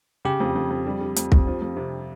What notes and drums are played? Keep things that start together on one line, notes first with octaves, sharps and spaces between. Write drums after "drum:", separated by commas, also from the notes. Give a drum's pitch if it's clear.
C#3 G4
F2
F2
F2
G3
G3
F2, drum: hi-hat
F2, drum: kick
F3
F2
C3